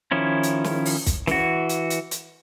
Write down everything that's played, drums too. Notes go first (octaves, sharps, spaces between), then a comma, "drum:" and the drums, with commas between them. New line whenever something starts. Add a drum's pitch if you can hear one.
D#3 F3 C#4 E4
drum: hi-hat
drum: snare
drum: open hi-hat
drum: kick, hi-hat
E3 F#4, drum: snare
drum: hi-hat
drum: hi-hat
drum: hi-hat